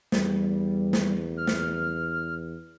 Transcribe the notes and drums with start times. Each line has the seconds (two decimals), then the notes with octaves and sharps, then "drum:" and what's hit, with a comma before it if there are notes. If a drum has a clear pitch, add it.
0.12 E2 G3, drum: snare
0.93 drum: snare
1.37 F6
1.47 drum: snare